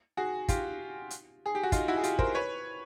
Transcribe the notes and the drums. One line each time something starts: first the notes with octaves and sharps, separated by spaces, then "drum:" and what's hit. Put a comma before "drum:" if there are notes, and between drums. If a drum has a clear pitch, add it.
F#4 G#4
F4 G4, drum: kick, hi-hat
drum: hi-hat
G#4
G4
F#4
D#4 F4, drum: kick, hi-hat
E4 F#4
G#4
F4 G4, drum: hi-hat
A#4 C5, drum: kick
B4 C#5